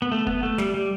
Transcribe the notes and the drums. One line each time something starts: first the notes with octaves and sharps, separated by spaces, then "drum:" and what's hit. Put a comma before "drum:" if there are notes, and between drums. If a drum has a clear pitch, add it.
B3
A3
B3, drum: kick
A3
G3, drum: snare
G3